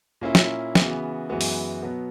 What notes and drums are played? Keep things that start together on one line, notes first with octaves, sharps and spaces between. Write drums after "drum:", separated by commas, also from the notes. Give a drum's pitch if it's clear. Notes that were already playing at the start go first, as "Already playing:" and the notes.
A#2 A#3 C#4 E4
drum: snare
C#3 E3 B3 F#4, drum: snare
F#2 E3 G#3 B3 F#4
drum: open hi-hat
B2 F#3 B3